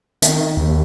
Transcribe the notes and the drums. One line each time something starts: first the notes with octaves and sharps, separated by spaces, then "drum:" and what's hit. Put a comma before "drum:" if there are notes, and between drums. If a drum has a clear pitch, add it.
D#3, drum: hi-hat
D#2